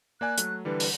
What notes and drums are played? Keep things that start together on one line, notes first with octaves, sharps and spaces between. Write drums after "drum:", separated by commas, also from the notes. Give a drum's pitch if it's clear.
A#3 D5 G#5 F#6
F#3 A3, drum: hi-hat
D3 E3 G3 B4
drum: open hi-hat